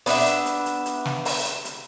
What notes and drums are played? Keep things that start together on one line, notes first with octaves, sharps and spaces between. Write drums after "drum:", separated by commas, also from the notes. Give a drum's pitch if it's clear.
B3 D4 B4 E5, drum: open hi-hat
drum: hi-hat
drum: hi-hat
drum: hi-hat
drum: hi-hat
drum: snare
drum: open hi-hat
drum: hi-hat
drum: hi-hat